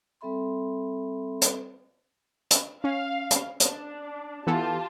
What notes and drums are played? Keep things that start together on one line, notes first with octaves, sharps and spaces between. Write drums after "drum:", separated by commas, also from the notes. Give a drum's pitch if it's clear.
G3 C4 A4 E5 B5 C6
drum: hi-hat
drum: hi-hat
C#4 F5
drum: hi-hat
D4, drum: hi-hat
E3 B3 F4 G4 A4 A5